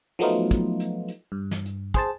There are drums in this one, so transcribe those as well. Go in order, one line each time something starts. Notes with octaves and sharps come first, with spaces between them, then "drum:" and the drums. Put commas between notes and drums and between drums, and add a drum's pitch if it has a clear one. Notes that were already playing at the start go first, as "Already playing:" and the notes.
F3 F#3 A3 B3 D#4 F4
drum: kick, hi-hat
drum: hi-hat
drum: hi-hat
G2
drum: snare
drum: hi-hat
G#4 C5 A5, drum: kick, hi-hat